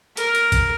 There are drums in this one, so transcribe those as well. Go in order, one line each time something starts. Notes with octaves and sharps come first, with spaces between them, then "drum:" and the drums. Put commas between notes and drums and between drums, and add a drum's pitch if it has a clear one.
A#4, drum: hi-hat
drum: hi-hat
drum: kick, hi-hat